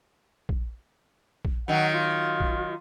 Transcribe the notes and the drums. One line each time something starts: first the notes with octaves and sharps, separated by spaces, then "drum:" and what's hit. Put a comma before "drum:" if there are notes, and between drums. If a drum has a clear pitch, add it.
drum: kick A#1
drum: kick A#1
D#3 F#3 F#5
F4
drum: kick A#1